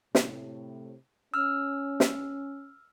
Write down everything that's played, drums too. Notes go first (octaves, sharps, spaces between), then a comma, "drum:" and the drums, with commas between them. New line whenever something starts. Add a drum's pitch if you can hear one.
A2 C3, drum: snare
C#4 E6 F6
drum: snare